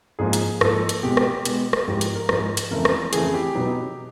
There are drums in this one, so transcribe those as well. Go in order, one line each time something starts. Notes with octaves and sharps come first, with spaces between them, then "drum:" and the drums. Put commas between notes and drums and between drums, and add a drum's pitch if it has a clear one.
G#2 F3 A#3 G#4
drum: hi-hat
G#2 F3 A#3 A4, drum: rim click
drum: hi-hat
B2 G#3 B3 G4
drum: rim click
B2 G#3 B3, drum: hi-hat
drum: rim click
G#2 F3 G#3 G4
drum: hi-hat
A#4
G#2 F3 G#3, drum: rim click
drum: hi-hat
F2 C#3 E3 A3 A#4
drum: rim click
F2 C#3 E3 A3 G#4, drum: hi-hat
G4
B2 F#3 B3 D#4